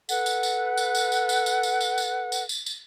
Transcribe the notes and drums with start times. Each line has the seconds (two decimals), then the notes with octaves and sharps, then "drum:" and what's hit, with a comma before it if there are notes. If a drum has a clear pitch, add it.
0.09 A4 B4 F#5, drum: tambourine
0.26 drum: tambourine
0.43 drum: tambourine
0.77 drum: tambourine
0.95 drum: tambourine
1.12 drum: tambourine
1.29 drum: tambourine
1.46 drum: tambourine
1.63 drum: tambourine
1.81 drum: tambourine
1.98 drum: tambourine
2.32 drum: tambourine
2.49 drum: tambourine
2.66 drum: tambourine